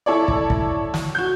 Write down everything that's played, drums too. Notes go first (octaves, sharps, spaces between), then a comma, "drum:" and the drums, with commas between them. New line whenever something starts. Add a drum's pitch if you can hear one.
E4 A4 C#5 D5
drum: kick
drum: kick
drum: snare
F#4 G6